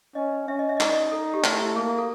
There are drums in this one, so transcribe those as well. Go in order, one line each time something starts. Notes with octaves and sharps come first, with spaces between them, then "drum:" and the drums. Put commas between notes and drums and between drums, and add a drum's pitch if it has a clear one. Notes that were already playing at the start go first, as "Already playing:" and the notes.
C#4 D#5
C#4 E5
D#5
E5
D#5
D#4 D5, drum: clap
D#5
A4
G4
A3 F#4, drum: clap
E4
E4
A#3 G#4
A4